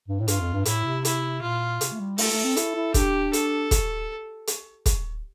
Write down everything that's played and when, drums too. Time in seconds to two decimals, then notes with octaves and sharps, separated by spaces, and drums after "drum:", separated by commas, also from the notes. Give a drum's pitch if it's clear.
0.08 G2
0.20 A2
0.28 G2 F4, drum: hi-hat
0.40 F2
0.53 G2
0.65 A2 E4, drum: hi-hat
0.84 C3
1.05 E4, drum: hi-hat
1.42 A#2 F4
1.81 C3, drum: hi-hat
1.92 A3
1.99 G3
2.18 A3 A4, drum: open hi-hat
2.31 A3
2.44 C4
2.56 E4, drum: hi-hat
2.75 E4
2.94 D4 G4, drum: kick, hi-hat
3.33 A4, drum: hi-hat
3.71 drum: kick, hi-hat
4.47 drum: hi-hat
4.86 drum: kick, hi-hat